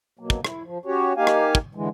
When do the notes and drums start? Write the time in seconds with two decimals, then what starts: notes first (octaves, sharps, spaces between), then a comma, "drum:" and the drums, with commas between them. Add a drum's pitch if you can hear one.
0.19 B2 F#3 A#3
0.30 drum: kick
0.45 E4, drum: rim click
0.64 F3
0.85 C#4 F#4 G4 C#5
1.17 A#3 D#4 G4 F5 G#5
1.27 drum: rim click
1.55 drum: kick
1.75 D3 E3 G#3